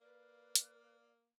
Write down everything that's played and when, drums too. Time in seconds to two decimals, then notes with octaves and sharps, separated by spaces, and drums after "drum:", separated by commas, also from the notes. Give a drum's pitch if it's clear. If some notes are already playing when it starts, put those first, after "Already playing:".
0.01 A#3 B4 D5 F5
0.55 drum: hi-hat